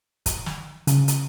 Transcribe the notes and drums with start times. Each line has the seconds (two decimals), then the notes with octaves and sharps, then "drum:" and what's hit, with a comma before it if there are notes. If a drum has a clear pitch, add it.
0.26 drum: kick, hi-hat
0.46 drum: snare
0.87 C#3, drum: hi-hat
1.08 drum: hi-hat